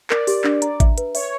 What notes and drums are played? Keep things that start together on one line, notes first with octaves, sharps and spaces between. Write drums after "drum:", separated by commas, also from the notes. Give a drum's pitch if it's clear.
A#4 D5, drum: clap
G4, drum: open hi-hat
D4, drum: clap
A#5, drum: hi-hat
E5, drum: kick A1, hi-hat
B4, drum: hi-hat
C#5 E5, drum: open hi-hat